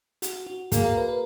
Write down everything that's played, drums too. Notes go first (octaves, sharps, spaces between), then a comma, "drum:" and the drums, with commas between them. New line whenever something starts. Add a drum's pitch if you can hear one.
F#4, drum: hi-hat
F#4
A#3 G#4, drum: kick, hi-hat
A#4
B4
A#4